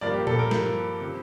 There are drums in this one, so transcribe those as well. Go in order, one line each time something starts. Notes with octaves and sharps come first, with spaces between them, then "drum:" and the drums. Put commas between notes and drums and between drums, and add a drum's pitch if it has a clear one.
G2 F3 A#3 D5
G4
A4, drum: tom A#2
A#4
G2 F3 A#3, drum: snare
C3 F3 C4